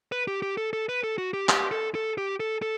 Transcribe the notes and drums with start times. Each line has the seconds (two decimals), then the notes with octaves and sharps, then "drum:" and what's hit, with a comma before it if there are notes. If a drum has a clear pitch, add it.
0.12 B4
0.27 G4
0.42 G4
0.57 A4
0.73 A4
0.89 B4
1.03 A4
1.18 F#4
1.33 G4
1.49 G4, drum: clap
1.71 A4
1.95 A4
2.18 G4
2.40 A4
2.62 A4